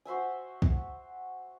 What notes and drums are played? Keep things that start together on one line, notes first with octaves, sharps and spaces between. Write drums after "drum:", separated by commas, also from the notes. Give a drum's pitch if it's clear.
F#4 C5 E5 G#5
drum: kick